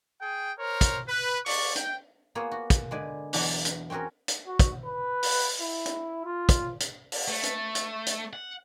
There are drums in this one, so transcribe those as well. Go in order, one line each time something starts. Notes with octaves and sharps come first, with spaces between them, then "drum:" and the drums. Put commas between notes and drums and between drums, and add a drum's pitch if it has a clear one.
G#4 G5
A#4 C5 C#5
drum: kick, hi-hat
B4
D5 C#6, drum: open hi-hat
G5, drum: hi-hat
A#3 B3 F4 G#4 C#5
F#4
drum: kick, hi-hat
D3 G#3 B4 D5 G#5
E2 B2 E3 F#3 D4 F#5, drum: open hi-hat
drum: hi-hat
C4 C#4 F#4 G#4 A#4
drum: hi-hat
F#4
drum: kick, hi-hat
B4
drum: open hi-hat
E4
drum: hi-hat
F4
drum: kick, hi-hat
drum: hi-hat
drum: open hi-hat
A3
drum: hi-hat
drum: hi-hat
drum: hi-hat
F#5